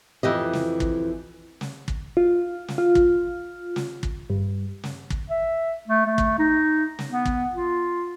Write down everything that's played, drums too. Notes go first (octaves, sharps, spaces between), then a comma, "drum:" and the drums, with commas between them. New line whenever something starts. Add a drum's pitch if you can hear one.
F2 E3 G4 D#5
drum: snare
drum: kick
drum: snare
drum: kick
F4
drum: snare
F4
drum: kick
drum: snare
drum: kick
G2
drum: snare
drum: kick
E5
A3
A3
drum: kick
D#4
drum: snare
B3
drum: kick
F4